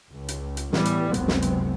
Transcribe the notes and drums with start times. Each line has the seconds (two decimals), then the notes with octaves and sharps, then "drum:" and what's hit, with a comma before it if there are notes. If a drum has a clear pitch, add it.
0.11 C#2
0.28 drum: hi-hat
0.57 drum: hi-hat
0.73 A2 E3 G3 B3, drum: snare
0.85 drum: hi-hat
1.14 F#1 C#2 F#2 C3 B3 C4, drum: hi-hat
1.28 drum: snare
1.42 drum: hi-hat